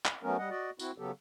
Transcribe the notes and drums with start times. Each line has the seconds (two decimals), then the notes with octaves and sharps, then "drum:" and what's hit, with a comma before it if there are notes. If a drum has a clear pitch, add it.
0.05 drum: clap
0.23 F#3 A3 B3 C#4 A#4
0.38 G3 D#5 F#5
0.50 F#4 D5 D#5
0.79 C4 E4 F#4, drum: tambourine
0.98 C#3 F#3 B3 G4 A4